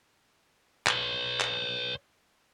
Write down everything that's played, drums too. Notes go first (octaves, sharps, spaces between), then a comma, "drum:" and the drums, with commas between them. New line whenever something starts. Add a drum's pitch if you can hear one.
B4 C#5, drum: clap
drum: clap